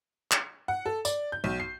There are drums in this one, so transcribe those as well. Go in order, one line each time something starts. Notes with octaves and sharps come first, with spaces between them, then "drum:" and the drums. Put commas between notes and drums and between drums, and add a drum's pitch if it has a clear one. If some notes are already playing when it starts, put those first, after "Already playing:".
drum: clap
F#5
A4
D5, drum: tambourine
G6
B1
C7